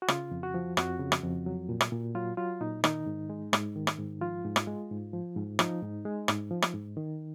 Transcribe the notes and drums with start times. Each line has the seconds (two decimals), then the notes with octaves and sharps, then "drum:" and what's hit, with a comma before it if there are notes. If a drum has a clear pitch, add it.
0.02 F#4
0.08 C#3 F4, drum: rim click
0.31 F2
0.43 F#4
0.54 F3
0.77 F2 F#4, drum: rim click
1.00 C#3
1.12 drum: rim click
1.23 F2
1.46 F#3
1.69 A#2
1.81 drum: rim click
1.92 A#2
2.15 F#3 F4
2.37 F#3 F4
2.61 A#2 D#4
2.84 D#3 D#4, drum: rim click
3.06 G#2
3.30 G#3
3.53 G#2, drum: rim click
3.76 D#3
3.87 drum: rim click
3.98 G#2
4.22 F3 F4
4.45 G#2
4.56 drum: rim click
4.67 G#3
4.91 G#2
5.13 F3
5.36 G#2
5.59 F3 D#4, drum: rim click
5.82 G#2
6.05 G#3
6.28 G#2, drum: rim click
6.51 F3
6.62 drum: rim click
6.74 G#2
6.97 D#3